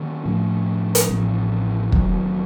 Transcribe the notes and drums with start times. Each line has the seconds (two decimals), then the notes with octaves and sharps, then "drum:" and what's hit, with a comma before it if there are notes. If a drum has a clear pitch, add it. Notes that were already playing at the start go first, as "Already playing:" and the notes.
Already playing: D#3 A#3 C#4
0.25 A2 F3 A3
0.95 drum: hi-hat
1.10 A1 A2 F3 C4
1.92 F1 D#2 D#3 F#3, drum: kick